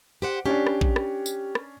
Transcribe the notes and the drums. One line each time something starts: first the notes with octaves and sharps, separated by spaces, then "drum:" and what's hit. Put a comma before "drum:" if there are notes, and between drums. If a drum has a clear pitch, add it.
G4 C5 F#5
C#4 D4 G4
drum: rim click
drum: kick
drum: rim click
drum: tambourine
drum: rim click